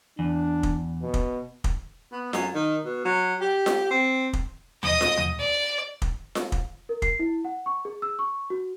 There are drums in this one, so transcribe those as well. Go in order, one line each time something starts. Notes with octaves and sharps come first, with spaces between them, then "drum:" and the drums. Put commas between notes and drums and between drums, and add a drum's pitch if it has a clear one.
E2 D4
drum: kick
B2
drum: kick
drum: kick
B3
F#2, drum: snare F4
D#3
B2
F#3
G4
drum: snare F4
C4
drum: kick
D#5 D#6, drum: tom D#2
drum: snare F4
drum: tom D#2
D5
drum: kick
drum: snare F4
drum: kick
A#4
C7, drum: kick
E4
F#5
C#6
G#4
E6
C#6
F#4